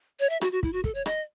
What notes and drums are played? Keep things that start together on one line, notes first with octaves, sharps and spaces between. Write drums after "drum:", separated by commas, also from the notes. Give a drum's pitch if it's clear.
C#5
E5
F#4, drum: rim click
F#4
E4, drum: kick
F#4
A4, drum: kick
C#5
D#5, drum: rim click